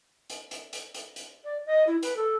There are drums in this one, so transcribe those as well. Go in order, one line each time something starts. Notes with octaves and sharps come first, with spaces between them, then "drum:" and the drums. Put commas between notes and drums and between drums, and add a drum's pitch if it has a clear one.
drum: hi-hat
drum: hi-hat
drum: hi-hat
drum: hi-hat
drum: hi-hat
D5
D#5
E4
B4, drum: hi-hat
A4